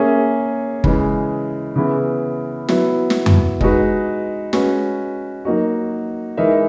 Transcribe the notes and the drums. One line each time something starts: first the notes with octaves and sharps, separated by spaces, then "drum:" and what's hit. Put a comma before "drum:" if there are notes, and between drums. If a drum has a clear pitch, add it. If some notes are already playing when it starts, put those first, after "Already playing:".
Already playing: A#3 C#4 G#4 C#5 E5
C#3 E3 G#3, drum: kick
C#3 E3 B3 E4
F#3 B3 E4, drum: snare
drum: snare
drum: tom F2
G#3 D#4 F#4 B4, drum: kick
G#3 C#4 F#4 B4, drum: snare
F#3 A#3 D#4 F#4
E3 G#3 D#4 A#4 E5